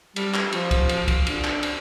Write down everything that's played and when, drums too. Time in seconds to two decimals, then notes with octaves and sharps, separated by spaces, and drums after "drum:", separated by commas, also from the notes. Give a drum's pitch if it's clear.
0.16 G3, drum: cymbal
0.34 drum: clap
0.52 F3, drum: cymbal
0.71 drum: kick, cymbal
0.89 drum: cymbal
1.08 drum: kick, cymbal
1.27 D4, drum: cymbal
1.44 drum: clap
1.63 drum: cymbal